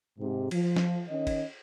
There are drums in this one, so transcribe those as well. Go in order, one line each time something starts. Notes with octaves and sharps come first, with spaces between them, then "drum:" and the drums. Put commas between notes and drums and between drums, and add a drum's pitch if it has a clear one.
G#2 C3
F3, drum: cymbal
drum: snare
D#3 C#4 D#5
drum: kick, cymbal